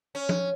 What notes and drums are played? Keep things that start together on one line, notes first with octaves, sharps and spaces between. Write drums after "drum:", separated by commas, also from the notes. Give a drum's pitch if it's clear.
C#4
drum: tom